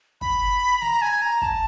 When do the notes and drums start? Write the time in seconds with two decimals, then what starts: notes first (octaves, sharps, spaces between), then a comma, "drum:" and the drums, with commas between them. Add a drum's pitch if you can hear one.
0.21 B5, drum: kick
0.82 A#5, drum: snare
1.02 G#5
1.22 A#5
1.42 A5, drum: kick